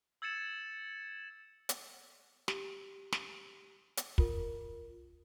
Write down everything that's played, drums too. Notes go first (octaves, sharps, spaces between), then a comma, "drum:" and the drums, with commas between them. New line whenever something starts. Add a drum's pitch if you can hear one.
E6 G#6 A6 C#7 E7
drum: hi-hat
G4, drum: snare
drum: snare
drum: hi-hat
F4 A#4, drum: kick